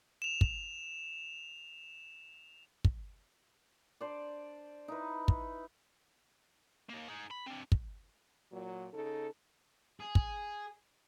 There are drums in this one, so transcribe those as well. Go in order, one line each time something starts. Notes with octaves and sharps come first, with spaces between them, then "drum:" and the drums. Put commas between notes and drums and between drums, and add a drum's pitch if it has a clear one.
E7 F7
drum: kick
drum: kick
D4 C5 D5
D#4 E4 B4
drum: kick
D#2 A#3
D#4 G#4
B5
C4 D4
drum: kick
A#2 F#3
C#3 D#4 A4
G#4
drum: kick